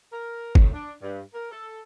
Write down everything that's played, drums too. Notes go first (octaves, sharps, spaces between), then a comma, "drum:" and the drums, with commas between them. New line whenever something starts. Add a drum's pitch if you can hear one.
A#4
A2, drum: kick
D4
G2
A#4
A4